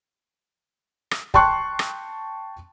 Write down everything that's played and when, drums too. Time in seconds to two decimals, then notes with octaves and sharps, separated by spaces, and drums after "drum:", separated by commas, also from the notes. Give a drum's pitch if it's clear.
1.11 drum: rim click
1.34 G5 A5 C6 C#6 F#6, drum: kick
1.79 drum: rim click